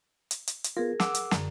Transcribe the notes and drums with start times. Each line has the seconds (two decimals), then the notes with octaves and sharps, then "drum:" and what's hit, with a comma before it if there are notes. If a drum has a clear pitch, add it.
0.31 drum: hi-hat
0.47 drum: hi-hat
0.64 drum: hi-hat
0.77 B3 F4 G#4 A#4
1.00 F#5 D6 E6, drum: snare
1.15 drum: hi-hat
1.31 F#2 D3, drum: snare